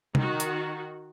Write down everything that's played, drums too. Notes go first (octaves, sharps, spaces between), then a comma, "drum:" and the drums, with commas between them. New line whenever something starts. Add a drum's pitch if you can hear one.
D#3 F#4, drum: tom
drum: hi-hat